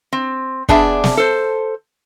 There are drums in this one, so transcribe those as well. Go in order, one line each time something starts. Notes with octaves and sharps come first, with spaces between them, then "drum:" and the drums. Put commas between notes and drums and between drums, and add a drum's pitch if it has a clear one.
C4
B3 D4 G#4 D5 E5, drum: kick
drum: snare
A4 C5